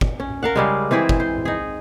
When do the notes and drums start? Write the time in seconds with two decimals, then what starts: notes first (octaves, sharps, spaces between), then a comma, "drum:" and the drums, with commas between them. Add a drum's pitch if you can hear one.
0.01 drum: kick G1
0.20 C#4
0.43 A#4 F5 F#5
0.56 C#3 G3 G#3
0.91 E3 C4 E4 G#4
1.09 drum: kick G1
1.20 C5
1.45 D#4 G#4